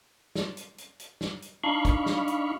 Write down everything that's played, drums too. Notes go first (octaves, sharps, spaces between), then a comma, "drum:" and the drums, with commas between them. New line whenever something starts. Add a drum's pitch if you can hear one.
drum: snare
drum: hi-hat
drum: hi-hat
drum: hi-hat
drum: snare
drum: hi-hat
D4 D#4 F5 B5 C#6
drum: kick, hi-hat
drum: snare
drum: hi-hat